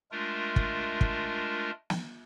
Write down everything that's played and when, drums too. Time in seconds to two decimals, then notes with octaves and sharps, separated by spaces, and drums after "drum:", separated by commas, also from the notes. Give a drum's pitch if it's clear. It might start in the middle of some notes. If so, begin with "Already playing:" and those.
0.12 G#3 A3 D4 F4 A#4
0.56 drum: kick
1.01 drum: kick
1.90 drum: snare